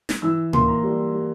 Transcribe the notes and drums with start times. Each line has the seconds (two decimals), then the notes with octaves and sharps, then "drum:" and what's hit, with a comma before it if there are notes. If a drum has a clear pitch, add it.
0.09 drum: snare
0.22 E3 E6
0.53 A#3 C6, drum: tom A2
0.68 A#5
0.83 G3
1.14 G3